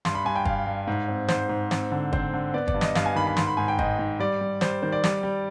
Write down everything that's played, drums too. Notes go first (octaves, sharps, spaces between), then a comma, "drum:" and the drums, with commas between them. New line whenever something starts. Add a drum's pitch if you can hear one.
G2 C6, drum: snare
B5
G2 G#5
G5
G2 F5, drum: kick
G2
G#2
C4
G#2 C5, drum: snare
G#2
C4, drum: snare
D3
C4 C5, drum: kick
D3
B3 D5
D5, drum: kick
G2
D#5, drum: snare
G2 F5, drum: snare
G#5
D#3 B5
B5
G#2 C6, drum: snare
B5
G#2 G#5
G5
G#2 D#5, drum: kick
G#2
G3 D5
G3
G3 C5, drum: snare
D#3 C5
D5
G3, drum: snare
G3